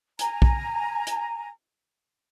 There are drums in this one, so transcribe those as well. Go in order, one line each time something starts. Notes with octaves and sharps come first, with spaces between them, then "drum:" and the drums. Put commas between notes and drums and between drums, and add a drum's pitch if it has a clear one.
G#5 A#5, drum: hi-hat
drum: kick
drum: hi-hat